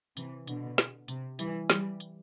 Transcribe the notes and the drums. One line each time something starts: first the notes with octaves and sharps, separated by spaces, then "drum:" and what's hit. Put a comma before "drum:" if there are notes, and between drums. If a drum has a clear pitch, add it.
C3 E3, drum: hi-hat
B2 D3, drum: hi-hat
drum: snare
C3, drum: hi-hat
E3 G3, drum: hi-hat
E3 G3, drum: snare
drum: hi-hat